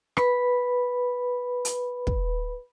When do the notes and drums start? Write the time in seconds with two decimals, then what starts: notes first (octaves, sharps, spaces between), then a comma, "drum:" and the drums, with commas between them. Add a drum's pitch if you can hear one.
0.17 B4 B5, drum: rim click
1.65 drum: hi-hat
2.07 drum: kick